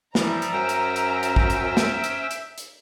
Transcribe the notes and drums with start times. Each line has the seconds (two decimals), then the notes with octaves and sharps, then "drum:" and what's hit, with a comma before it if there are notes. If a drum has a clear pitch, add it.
0.15 E3 F3 G3 E5 A#5, drum: snare
0.42 drum: hi-hat
0.53 F#2 C#4 C5 G5
0.69 drum: hi-hat
0.96 drum: hi-hat
1.23 drum: hi-hat
1.36 drum: kick
1.50 drum: hi-hat
1.77 drum: snare
2.04 drum: hi-hat
2.31 drum: hi-hat
2.58 drum: hi-hat